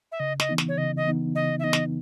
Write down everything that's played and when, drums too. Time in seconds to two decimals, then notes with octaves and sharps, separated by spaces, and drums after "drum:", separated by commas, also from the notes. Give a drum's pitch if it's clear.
0.12 E5
0.19 C#3 D#5
0.40 D#5, drum: snare
0.49 E3 B3 D#4
0.58 drum: snare
0.68 C#5
0.78 C#3 D#5
0.96 D#5
1.06 E3 B3 D#4
1.35 C#3 D#5
1.59 E5
1.64 E3 B3 D#4 D#5
1.73 drum: snare